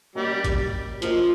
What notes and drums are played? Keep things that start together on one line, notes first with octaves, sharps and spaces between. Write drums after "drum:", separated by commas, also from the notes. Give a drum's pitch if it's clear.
G3 A#3 C#4 F#4 A#4 D#5
drum: kick A1, hi-hat
F3 A#3 C#4 F#4 A#4 D#5, drum: hi-hat